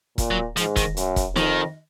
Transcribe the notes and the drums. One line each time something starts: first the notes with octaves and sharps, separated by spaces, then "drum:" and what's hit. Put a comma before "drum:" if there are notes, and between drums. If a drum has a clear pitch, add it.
A#2, drum: kick E1, hi-hat
F#3
G#2 F3, drum: hi-hat
D#3, drum: kick E1, hi-hat
F#2, drum: hi-hat
drum: kick E1, hi-hat
F2 D#3, drum: snare